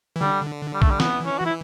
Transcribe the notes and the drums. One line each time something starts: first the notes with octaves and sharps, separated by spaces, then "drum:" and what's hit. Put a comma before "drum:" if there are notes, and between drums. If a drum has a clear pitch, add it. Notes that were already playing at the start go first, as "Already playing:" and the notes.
E3
D3 G3
G3
A3, drum: kick
G3
E3 B3, drum: snare
C#4
F#4
E4